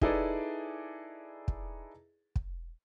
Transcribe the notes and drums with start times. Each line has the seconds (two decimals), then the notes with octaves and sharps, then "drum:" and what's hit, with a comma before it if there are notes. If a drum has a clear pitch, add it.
0.01 D#4 E4 G#4 A4 B4 D5, drum: kick
1.48 drum: kick
2.36 drum: kick